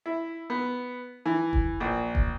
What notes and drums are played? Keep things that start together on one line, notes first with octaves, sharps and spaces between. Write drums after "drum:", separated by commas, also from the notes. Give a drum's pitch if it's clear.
E4
B3
E3
drum: kick F1
A#1
drum: kick F1